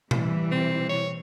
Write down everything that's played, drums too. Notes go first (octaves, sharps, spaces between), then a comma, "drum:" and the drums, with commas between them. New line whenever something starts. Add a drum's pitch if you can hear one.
E3 G3, drum: tom B2
C4
C#5